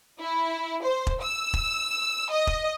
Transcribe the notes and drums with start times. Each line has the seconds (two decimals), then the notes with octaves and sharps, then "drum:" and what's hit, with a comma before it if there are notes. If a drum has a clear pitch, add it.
0.20 E4
0.83 C5
1.07 drum: kick E1
1.22 E6
1.54 drum: kick E1
2.32 D#5
2.47 drum: kick E1